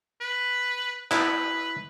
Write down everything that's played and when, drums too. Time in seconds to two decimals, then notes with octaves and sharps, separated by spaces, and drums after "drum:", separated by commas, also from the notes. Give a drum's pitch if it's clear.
0.21 B4
1.11 E4 B4 A5, drum: clap